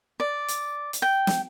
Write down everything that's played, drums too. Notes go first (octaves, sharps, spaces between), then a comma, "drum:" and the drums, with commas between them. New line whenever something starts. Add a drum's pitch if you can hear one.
D5
drum: hi-hat
drum: hi-hat
G5
drum: snare